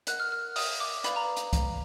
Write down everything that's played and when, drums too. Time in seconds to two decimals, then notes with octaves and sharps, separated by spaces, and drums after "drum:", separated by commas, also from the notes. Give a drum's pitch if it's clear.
0.07 A#4 D#5 F#5 F#6, drum: hi-hat
0.20 F6
0.32 F6
0.56 D#6, drum: open hi-hat
0.80 D6
1.04 B4 D5 F5 B5, drum: hi-hat
1.16 A#5
1.37 drum: hi-hat
1.53 drum: kick C2, hi-hat